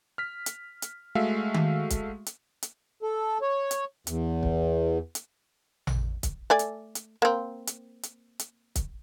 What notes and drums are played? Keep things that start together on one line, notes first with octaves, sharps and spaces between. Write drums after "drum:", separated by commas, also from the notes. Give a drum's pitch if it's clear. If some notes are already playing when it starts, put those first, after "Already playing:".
F6 B6
drum: hi-hat
drum: hi-hat
G#3 A3 F#4 E5 F5
drum: tom D#3
drum: kick, hi-hat
drum: hi-hat
drum: hi-hat
A4
C#5
drum: hi-hat
E2, drum: hi-hat
drum: kick
drum: hi-hat
drum: tom A1
drum: kick, hi-hat
A3 D5 G#5
drum: hi-hat
drum: hi-hat
A#3 C4
drum: hi-hat
drum: hi-hat
drum: hi-hat
drum: kick, hi-hat